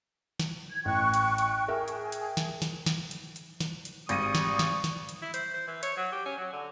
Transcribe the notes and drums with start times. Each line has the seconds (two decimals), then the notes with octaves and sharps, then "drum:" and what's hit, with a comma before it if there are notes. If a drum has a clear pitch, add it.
0.40 drum: snare
0.70 G#6
0.85 A1 G5 C#6 F#6
1.14 drum: hi-hat
1.38 drum: hi-hat
1.68 G#4 A#4 E5 G5
1.88 drum: hi-hat
2.12 drum: hi-hat
2.37 drum: snare
2.62 drum: snare
2.86 drum: snare
3.11 drum: hi-hat
3.36 drum: hi-hat
3.61 drum: snare
3.85 drum: hi-hat
4.09 G#1 G3 C#6 D#6 A#6 D#7, drum: hi-hat
4.35 drum: snare
4.59 drum: snare
4.84 drum: snare
5.09 drum: hi-hat
5.22 E4
5.34 C5, drum: hi-hat
5.54 C5
5.67 E3
5.83 C#5, drum: hi-hat
5.97 F#3
6.12 G4
6.25 C#4
6.38 F#3
6.52 D3